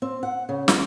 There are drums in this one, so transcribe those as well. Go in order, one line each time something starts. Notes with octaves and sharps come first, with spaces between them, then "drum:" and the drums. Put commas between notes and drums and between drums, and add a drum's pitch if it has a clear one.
C4
F#5
C#3
G#3, drum: snare